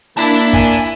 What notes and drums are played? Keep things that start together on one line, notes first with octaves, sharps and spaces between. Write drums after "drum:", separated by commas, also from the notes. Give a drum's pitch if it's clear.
A#3 E4 D5 A5
G#5, drum: kick, hi-hat
drum: hi-hat